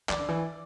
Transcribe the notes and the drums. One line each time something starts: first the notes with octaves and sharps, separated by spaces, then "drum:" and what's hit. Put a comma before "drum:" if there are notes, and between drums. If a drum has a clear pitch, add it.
E3 D5, drum: clap
D3
E3